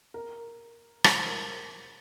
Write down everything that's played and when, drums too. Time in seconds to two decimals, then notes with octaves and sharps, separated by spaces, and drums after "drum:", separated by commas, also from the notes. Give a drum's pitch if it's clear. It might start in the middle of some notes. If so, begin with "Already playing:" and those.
0.14 A#4
1.04 C5, drum: rim click
1.26 A#4